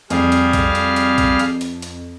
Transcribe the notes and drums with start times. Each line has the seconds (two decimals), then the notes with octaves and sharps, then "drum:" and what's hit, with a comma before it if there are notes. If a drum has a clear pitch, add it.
0.10 F2 G3 G#4 F5, drum: hi-hat
0.32 drum: hi-hat
0.53 drum: kick B1, hi-hat
0.75 drum: hi-hat
0.96 drum: hi-hat
1.18 drum: kick B1, hi-hat
1.39 drum: hi-hat
1.61 drum: hi-hat
1.82 drum: hi-hat